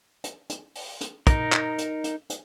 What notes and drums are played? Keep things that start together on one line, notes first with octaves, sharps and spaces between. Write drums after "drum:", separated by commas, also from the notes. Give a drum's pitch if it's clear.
drum: hi-hat
drum: hi-hat
drum: open hi-hat
drum: hi-hat
D#4 A#4, drum: kick, hi-hat
drum: clap
drum: hi-hat
drum: hi-hat
drum: hi-hat